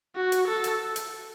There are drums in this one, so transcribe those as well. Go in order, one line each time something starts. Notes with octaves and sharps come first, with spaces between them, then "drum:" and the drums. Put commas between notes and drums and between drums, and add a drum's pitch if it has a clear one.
F#4
drum: hi-hat
A4
drum: hi-hat
drum: hi-hat